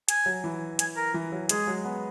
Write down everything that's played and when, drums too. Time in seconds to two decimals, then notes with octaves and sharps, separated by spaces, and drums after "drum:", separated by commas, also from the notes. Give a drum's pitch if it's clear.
0.08 G#5, drum: hi-hat
0.26 F#3
0.44 E3
0.79 G#5, drum: hi-hat
0.97 A#4
1.14 E3
1.32 F#3
1.49 G#3 G#4, drum: hi-hat
1.67 F#3
1.85 B3